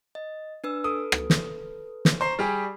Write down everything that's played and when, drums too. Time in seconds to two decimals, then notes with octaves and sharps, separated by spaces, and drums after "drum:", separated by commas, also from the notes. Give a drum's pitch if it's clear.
0.15 D#5
0.64 D4 B4 E6
0.84 A4 B4 D#6
1.12 drum: rim click
1.30 drum: snare
2.05 drum: snare
2.21 C5 A#5 C#6 C7
2.39 G3 G4 G#4